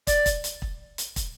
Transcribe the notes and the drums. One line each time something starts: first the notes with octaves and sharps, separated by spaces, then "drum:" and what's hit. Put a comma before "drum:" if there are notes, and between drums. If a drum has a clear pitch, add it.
D5, drum: kick, hi-hat
drum: kick, hi-hat
drum: hi-hat
drum: kick
drum: hi-hat
drum: kick, hi-hat